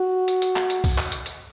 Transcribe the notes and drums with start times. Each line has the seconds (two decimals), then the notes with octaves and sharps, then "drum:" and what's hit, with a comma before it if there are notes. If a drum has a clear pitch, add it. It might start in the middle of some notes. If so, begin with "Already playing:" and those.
Already playing: F#4
0.28 drum: hi-hat
0.42 drum: hi-hat
0.56 drum: clap
0.70 drum: hi-hat
0.84 drum: kick, open hi-hat
0.98 drum: clap
1.12 drum: hi-hat
1.26 drum: hi-hat